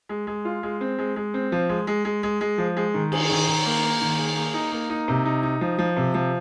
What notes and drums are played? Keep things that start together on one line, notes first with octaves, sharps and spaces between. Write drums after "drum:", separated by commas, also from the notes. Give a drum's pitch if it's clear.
G#3
G#3
F4
G#3
C4
G#3
G#3
C4
F3
G#3
G#3
G#3
G#3
G#3
F3
G#3
D#3
G#4, drum: cymbal
D#3
D#3
A#3
A#3
D#3
G#4
A#3
D#4
A#3
D#4
C3
D#4
D#4
F3
F3
C3
F3